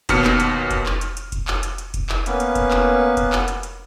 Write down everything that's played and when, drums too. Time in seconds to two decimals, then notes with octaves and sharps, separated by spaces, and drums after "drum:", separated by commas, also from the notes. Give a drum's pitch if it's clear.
0.09 D#2 B2 F6 C#7, drum: kick F1, hi-hat
0.24 drum: clap
0.40 drum: hi-hat
0.71 drum: kick F1, hi-hat
0.86 drum: clap
1.01 drum: hi-hat
1.17 drum: hi-hat
1.32 drum: kick F1, hi-hat
1.48 drum: clap
1.63 drum: hi-hat
1.78 drum: hi-hat
1.94 drum: kick F1, hi-hat
2.09 drum: clap
2.26 A#3 B3 C#4 B4, drum: hi-hat
2.40 drum: hi-hat
2.55 drum: kick F1, hi-hat
2.71 drum: clap
3.17 drum: kick F1, hi-hat
3.32 drum: clap
3.48 drum: hi-hat
3.63 drum: hi-hat